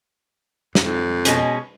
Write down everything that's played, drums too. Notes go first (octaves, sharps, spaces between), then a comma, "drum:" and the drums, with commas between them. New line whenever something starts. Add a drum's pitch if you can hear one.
F2, drum: snare
B2 G#3 C#4, drum: hi-hat